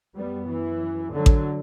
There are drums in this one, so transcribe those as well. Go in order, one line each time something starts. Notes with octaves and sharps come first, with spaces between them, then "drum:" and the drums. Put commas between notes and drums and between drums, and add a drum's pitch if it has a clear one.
F#2 G3 B3
E3
D3 F#3
drum: kick A1